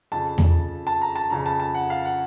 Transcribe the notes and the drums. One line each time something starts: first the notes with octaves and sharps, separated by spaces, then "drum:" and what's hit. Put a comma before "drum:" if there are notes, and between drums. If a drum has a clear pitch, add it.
F2 C#3 F3 A5
drum: tom E2
A5
A#5
A5
F2 C#3 F3 A#5
A5
A5
F#5
F5
F#5